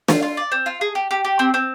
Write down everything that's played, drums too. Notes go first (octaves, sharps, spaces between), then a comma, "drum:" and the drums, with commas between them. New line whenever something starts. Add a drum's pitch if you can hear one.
F4, drum: snare
F4
D5
C4
F4
G#4
G4
G4
G4
C4
C4